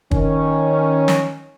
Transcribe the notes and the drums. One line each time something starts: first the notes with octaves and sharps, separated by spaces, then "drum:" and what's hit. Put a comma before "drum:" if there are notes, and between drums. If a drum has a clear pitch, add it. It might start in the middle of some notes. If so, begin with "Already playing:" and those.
D#3 C#4, drum: kick
drum: snare